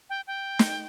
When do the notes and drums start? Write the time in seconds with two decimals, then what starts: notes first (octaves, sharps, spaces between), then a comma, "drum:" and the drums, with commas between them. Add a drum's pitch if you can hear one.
0.10 G5
0.27 G5
0.59 drum: snare